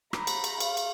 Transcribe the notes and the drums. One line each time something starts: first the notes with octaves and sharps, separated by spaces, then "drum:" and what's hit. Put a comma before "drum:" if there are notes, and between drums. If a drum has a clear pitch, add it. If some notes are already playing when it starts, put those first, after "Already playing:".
A#5 B5, drum: rim click
drum: cymbal
drum: cymbal
F5, drum: cymbal
drum: cymbal